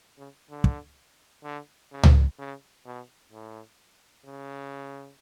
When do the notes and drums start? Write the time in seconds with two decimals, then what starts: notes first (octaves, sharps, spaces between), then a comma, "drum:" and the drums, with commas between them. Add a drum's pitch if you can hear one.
0.18 C#3
0.50 D3
0.64 drum: kick
1.43 D3
1.91 C#3
2.03 drum: tom C#2
2.39 C#3
2.85 B2
3.32 A2
4.26 C#3